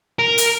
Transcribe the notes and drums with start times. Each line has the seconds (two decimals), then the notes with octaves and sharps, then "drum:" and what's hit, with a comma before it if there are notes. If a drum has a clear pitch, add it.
0.19 A#4
0.38 drum: hi-hat